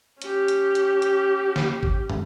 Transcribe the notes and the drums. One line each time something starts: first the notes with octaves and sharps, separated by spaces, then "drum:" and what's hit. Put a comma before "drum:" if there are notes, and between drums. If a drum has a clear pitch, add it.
C#4 G4, drum: hi-hat
drum: hi-hat
drum: hi-hat
drum: hi-hat
drum: snare
drum: kick
drum: tom